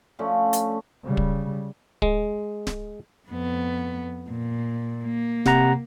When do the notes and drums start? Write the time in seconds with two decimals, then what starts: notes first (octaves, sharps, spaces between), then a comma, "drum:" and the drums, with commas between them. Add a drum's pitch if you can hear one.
0.19 F3 A3 C#4 D4
0.53 drum: hi-hat
1.03 C#3 G3
1.17 drum: kick
2.02 G#3, drum: kick
2.67 drum: snare D1
3.29 F2 B3
4.30 A#2
5.04 A#3
5.46 C3 F#5 A#5, drum: snare D1